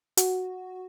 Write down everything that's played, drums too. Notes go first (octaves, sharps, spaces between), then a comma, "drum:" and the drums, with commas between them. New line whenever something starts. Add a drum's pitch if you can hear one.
F#4, drum: hi-hat